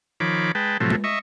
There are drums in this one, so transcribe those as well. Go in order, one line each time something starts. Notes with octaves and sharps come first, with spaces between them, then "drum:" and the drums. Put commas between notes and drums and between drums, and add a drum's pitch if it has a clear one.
D#3 F3 C#5 B5 D6
G#3 B4 G5 A5
A2 C3 F3 F#3 A3
drum: tom G#3
D#5 E5 C#6